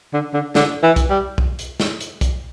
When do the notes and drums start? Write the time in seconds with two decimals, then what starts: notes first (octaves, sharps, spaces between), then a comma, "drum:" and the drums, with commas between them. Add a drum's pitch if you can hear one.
0.13 D3
0.34 D3
0.55 D3, drum: snare
0.83 E3
0.96 drum: kick B1, hi-hat
1.10 G3
1.38 drum: kick B1
1.59 drum: hi-hat
1.80 drum: snare
2.00 drum: hi-hat
2.21 drum: kick B1, hi-hat